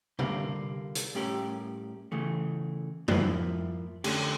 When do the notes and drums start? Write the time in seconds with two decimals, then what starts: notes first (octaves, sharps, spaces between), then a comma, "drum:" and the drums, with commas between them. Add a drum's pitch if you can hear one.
0.19 D3 G3 A#3, drum: tom
0.95 drum: hi-hat
1.15 A2 G3 C#4 G4 A#4
2.12 C#3 E3 A3
3.08 F3 A#3 E4, drum: tom F2
4.04 D3 A3 C#4 G4, drum: cymbal